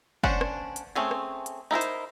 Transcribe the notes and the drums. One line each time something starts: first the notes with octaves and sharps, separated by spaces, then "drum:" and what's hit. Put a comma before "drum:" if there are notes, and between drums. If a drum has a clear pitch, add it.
C#4 D4 C5 F#5, drum: kick
drum: rim click
drum: hi-hat
A3 C4 C#4 G#4
drum: rim click
drum: hi-hat
D#4 E4 A#4 C5
drum: hi-hat